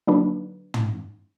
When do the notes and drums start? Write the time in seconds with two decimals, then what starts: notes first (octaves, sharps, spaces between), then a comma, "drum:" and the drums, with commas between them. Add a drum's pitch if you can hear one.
0.07 D3 F#3 A#3 D4 D#4 B4
0.74 drum: tom